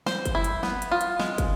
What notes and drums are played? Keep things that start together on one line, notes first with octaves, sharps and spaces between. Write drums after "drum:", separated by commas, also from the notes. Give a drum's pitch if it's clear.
C5, drum: snare
drum: kick, hi-hat
E4
drum: hi-hat
B3, drum: snare
drum: hi-hat
F4
drum: hi-hat
G#3, drum: snare
drum: kick, hi-hat